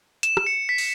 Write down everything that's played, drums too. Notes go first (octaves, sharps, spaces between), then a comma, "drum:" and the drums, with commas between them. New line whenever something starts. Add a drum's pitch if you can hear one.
E7, drum: hi-hat
drum: rim click
C#7
B6
drum: open hi-hat